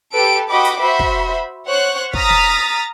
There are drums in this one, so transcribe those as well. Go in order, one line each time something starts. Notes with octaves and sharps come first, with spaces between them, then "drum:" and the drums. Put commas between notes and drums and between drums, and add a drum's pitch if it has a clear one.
G4 A4 B4 D7
F#4 D#5 F#5 G5 B5 D6
drum: hi-hat
F#4 C5 E5 B5
drum: kick
C5 C#5 F#5 C#6 F#6
A#5 D#6 F6 A6 B6, drum: kick
drum: snare